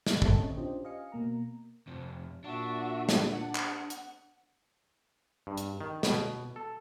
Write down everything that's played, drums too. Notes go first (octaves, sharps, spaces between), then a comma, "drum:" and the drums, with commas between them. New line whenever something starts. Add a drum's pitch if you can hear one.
drum: snare
A4 A#4 E5 G5 A5, drum: kick
C4 C#4 C#5 D#5
C#4 D4 F4 G4 C5 D#5
D#5 F5 G#5 C#7
B2 A#3 A#5
F2 C3
A#2 D4 F#4 E5
drum: snare
F#5
drum: clap
drum: hi-hat
G2
drum: hi-hat
D#3
B2, drum: snare
A4